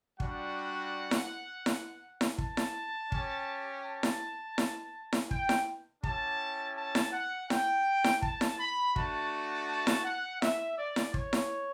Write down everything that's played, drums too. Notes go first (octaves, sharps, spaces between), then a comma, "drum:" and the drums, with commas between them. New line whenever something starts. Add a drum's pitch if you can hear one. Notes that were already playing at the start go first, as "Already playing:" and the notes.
G3 D4 F#4 F#5, drum: kick
drum: snare E4
drum: snare E4
drum: snare E4
A5, drum: kick
drum: snare E4
C#4 G4, drum: kick
A5
drum: snare E4
drum: snare E4
drum: snare E4
G5, drum: kick
drum: snare E4
C#4 E4 G4 A5, drum: kick
A5
drum: snare E4
F#5
G5, drum: snare E4
drum: snare E4
A5, drum: kick
drum: snare E4
B5
A3 D4 F#4 A5, drum: kick
A5
drum: snare E4
F#5
E5, drum: snare E4
D5
drum: snare E4
C#5, drum: kick
drum: snare E4